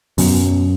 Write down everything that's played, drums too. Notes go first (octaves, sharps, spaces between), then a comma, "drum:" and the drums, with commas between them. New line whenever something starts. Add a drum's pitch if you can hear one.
F#2 B2, drum: open hi-hat
F#3